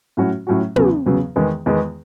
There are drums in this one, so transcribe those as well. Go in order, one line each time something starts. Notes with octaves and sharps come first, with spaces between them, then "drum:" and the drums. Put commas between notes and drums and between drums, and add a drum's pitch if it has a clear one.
A2 F#3 C#4 F#4
A2 F#3 C#4 F#4
E2 C#3 F#3 B3, drum: tom
E2 C#3 F#3 B3
E2 D#3 G#3 B3
E2 D#3 G#3 B3